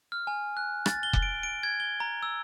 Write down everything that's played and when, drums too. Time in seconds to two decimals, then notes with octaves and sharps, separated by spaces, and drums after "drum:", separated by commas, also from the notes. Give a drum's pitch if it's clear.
0.12 F6
0.27 G#5
0.57 F#6
0.86 A6, drum: rim click
1.03 G7
1.13 drum: kick F1
1.23 D7
1.43 D7
1.63 G#6
1.80 G7
2.00 A#5
2.23 E6